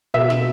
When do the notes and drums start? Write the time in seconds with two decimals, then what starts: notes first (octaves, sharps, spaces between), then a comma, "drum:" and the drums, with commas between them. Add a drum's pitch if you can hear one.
0.14 B2 E5, drum: tom
0.30 drum: snare